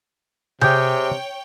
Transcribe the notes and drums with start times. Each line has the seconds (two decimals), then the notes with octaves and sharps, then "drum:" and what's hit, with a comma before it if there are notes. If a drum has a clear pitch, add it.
0.61 C3 G4 G#4 C#5 G5 G6, drum: tom C3